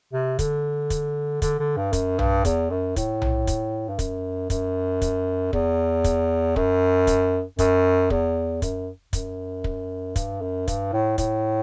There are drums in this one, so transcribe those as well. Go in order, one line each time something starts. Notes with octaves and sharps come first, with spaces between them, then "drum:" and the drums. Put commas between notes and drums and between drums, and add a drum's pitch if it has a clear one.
C3
D3, drum: kick, hi-hat
drum: kick, hi-hat
D3, drum: kick, hi-hat
D3
G2
F#2, drum: kick, hi-hat
G2, drum: tom B1
E2, drum: kick, hi-hat
F#2
A2, drum: kick, hi-hat
drum: tom B1
drum: kick, hi-hat
G2
F#2, drum: kick, hi-hat
F#2, drum: kick, hi-hat
drum: kick, hi-hat
E2, drum: kick
drum: kick, hi-hat
F#2, drum: kick
drum: kick, hi-hat
F#2, drum: kick, hi-hat
E2, drum: kick
F#2, drum: kick, hi-hat
F#2, drum: kick, hi-hat
drum: kick
G2, drum: kick, hi-hat
F#2
G2, drum: kick, hi-hat
A2
A2, drum: kick, hi-hat